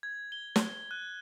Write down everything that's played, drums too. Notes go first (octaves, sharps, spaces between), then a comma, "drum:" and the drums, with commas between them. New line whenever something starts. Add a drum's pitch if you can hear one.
G#6
G7
drum: snare
F#6